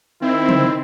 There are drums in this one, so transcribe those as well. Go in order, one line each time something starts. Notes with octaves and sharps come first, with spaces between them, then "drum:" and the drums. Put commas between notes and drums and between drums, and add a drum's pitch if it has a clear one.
D#3 C4 E4
drum: tom